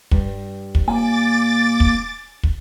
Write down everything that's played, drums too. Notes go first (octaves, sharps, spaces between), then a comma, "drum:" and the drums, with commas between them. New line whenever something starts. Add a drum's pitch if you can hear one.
G2 G3, drum: kick
drum: kick
A#3 G#5 D6 A6
drum: kick
drum: kick